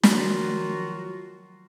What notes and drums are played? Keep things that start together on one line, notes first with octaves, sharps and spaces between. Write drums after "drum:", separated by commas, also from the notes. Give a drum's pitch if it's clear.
D#3 F3 F#3 F4 F#4, drum: snare